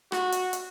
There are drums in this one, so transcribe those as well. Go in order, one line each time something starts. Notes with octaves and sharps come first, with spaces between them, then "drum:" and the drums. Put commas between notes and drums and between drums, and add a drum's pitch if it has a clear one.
F#4, drum: rim click
drum: hi-hat
drum: hi-hat